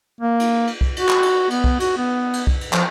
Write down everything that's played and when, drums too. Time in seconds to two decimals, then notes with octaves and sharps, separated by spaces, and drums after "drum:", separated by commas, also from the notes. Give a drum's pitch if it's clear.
0.21 A#3
0.40 drum: cymbal
0.67 drum: cymbal
0.81 drum: kick C2
0.96 F#4, drum: cymbal
1.09 drum: clap
1.23 drum: cymbal
1.50 B3, drum: cymbal
1.64 drum: kick C2
1.80 F#4, drum: cymbal
1.97 B3
2.33 drum: cymbal
2.47 drum: kick C2
2.61 drum: cymbal
2.73 F3, drum: clap